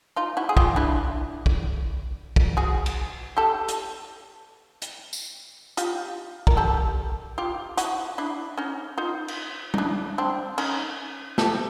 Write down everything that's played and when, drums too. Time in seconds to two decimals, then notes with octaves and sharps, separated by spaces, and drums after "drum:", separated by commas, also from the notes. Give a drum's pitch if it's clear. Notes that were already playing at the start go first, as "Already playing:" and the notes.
0.16 D#4 F4
0.37 E4 F#4
0.49 G#4
0.57 F4 G4, drum: kick
0.76 D4 E4
1.46 drum: kick
2.36 drum: kick
2.57 F#4 G#4
2.86 drum: cymbal
3.37 G4 A4
3.68 drum: hi-hat
4.82 drum: hi-hat
5.13 drum: tambourine
5.77 F4 G4, drum: hi-hat
6.47 A#4, drum: kick
6.57 G4 A4
7.38 F4 G4
7.77 E4 F#4, drum: hi-hat
8.18 D4 E4
8.58 C#4 D#4
8.98 D#4 F4
9.28 drum: cymbal
9.74 D#4, drum: tom
9.78 D4 E4
10.18 C4 D4
10.58 C#4 D#4, drum: cymbal
11.38 G4 A4, drum: snare